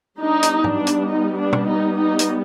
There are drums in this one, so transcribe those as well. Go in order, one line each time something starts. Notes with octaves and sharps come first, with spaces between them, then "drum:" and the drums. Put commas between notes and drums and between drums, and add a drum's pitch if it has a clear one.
G3 B3 D4 D#4
drum: hi-hat
D4, drum: tom G#2
drum: hi-hat
D#4
D4
drum: tom
D#4
D#4
drum: hi-hat